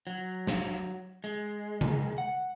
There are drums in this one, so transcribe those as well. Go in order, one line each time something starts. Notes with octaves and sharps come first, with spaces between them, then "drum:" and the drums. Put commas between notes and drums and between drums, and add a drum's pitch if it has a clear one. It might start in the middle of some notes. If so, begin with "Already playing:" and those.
F#3
drum: snare
G#3
drum: tom C3
F#5